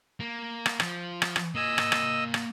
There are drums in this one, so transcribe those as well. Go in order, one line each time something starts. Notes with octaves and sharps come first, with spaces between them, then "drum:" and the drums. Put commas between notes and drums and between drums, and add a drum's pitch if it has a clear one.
A#3
drum: rim click
F3, drum: rim click
drum: rim click
drum: rim click
A#3 D#5 G#5 E6
drum: rim click
drum: rim click
drum: rim click